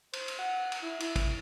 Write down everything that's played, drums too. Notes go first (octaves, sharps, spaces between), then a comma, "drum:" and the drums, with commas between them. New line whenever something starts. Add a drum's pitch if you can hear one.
C5, drum: cymbal
drum: cymbal
F#5
drum: cymbal
E4
E4, drum: cymbal
drum: kick, cymbal